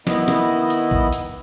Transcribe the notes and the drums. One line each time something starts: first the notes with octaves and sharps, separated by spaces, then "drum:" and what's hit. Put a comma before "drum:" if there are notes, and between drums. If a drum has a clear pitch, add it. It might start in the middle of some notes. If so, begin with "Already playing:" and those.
D#3 B3 E4 D#5, drum: snare
drum: snare
drum: hi-hat
drum: kick
drum: hi-hat